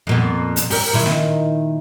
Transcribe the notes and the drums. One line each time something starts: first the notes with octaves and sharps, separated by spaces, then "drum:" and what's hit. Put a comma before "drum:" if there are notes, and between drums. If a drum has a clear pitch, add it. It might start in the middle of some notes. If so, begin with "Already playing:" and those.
F2 A#2 B3
drum: hi-hat
G4 A#4, drum: open hi-hat
A#2 D#3 E4
drum: snare